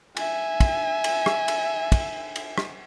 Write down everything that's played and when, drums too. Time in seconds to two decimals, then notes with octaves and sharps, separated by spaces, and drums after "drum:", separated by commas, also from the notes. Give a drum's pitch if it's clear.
0.17 E5 G#5, drum: cymbal
0.60 drum: kick, cymbal
1.04 drum: cymbal
1.26 drum: rim click
1.48 drum: cymbal
1.92 drum: kick, cymbal
2.36 drum: cymbal
2.58 drum: rim click